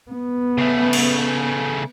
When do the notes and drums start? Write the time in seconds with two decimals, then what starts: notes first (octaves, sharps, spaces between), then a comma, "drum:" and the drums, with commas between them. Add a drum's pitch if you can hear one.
0.11 B3
0.58 C#3 A3
0.93 drum: cymbal